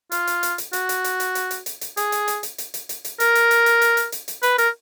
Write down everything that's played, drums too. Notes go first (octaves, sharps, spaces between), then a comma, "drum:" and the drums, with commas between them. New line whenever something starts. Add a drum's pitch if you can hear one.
F4, drum: hi-hat
drum: hi-hat
drum: hi-hat
drum: hi-hat
F#4, drum: hi-hat
drum: hi-hat
drum: hi-hat
drum: hi-hat
drum: hi-hat
drum: hi-hat
drum: hi-hat
drum: hi-hat
G#4, drum: hi-hat
drum: hi-hat
drum: hi-hat
drum: hi-hat
drum: hi-hat
drum: hi-hat
drum: hi-hat
drum: hi-hat
A#4, drum: hi-hat
drum: hi-hat
drum: hi-hat
drum: hi-hat
drum: hi-hat
drum: hi-hat
drum: hi-hat
drum: hi-hat
B4, drum: hi-hat
A#4, drum: hi-hat